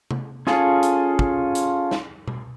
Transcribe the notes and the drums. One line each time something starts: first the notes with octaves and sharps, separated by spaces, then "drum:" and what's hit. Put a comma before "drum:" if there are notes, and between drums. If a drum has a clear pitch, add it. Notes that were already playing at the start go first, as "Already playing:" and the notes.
drum: tom C3
C#4 F4 G#4 A4, drum: snare
drum: hi-hat
drum: kick
drum: hi-hat
drum: snare
drum: tom B2